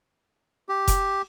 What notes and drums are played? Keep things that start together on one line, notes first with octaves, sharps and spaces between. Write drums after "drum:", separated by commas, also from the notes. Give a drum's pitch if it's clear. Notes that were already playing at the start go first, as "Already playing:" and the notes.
G4
drum: kick F1, hi-hat